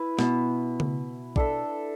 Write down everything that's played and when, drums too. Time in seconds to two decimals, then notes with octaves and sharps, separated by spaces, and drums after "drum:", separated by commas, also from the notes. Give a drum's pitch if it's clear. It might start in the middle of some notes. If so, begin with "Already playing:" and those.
Already playing: E4 B4 E5
0.19 B2, drum: snare
0.80 drum: tom C#3
1.36 D4 A4 E5, drum: kick